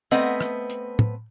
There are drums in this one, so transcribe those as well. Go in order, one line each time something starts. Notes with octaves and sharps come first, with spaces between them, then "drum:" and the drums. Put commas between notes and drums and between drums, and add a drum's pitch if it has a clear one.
A3 B3 C4 D#5, drum: hi-hat
drum: rim click
drum: hi-hat
drum: tom